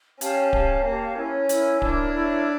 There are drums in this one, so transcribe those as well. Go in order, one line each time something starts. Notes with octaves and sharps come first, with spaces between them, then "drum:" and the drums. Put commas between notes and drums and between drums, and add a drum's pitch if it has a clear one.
C#4 G4 C#5 F5 A5, drum: hi-hat
G4 C#5 F5 A5, drum: kick D1
A#3 G4 C#5 F5 A5
C#4 E4 A#4 C#5
E4 A#4 C#5, drum: hi-hat
D4 E4 A#4 C#5, drum: kick D1
E4 A#4 C#5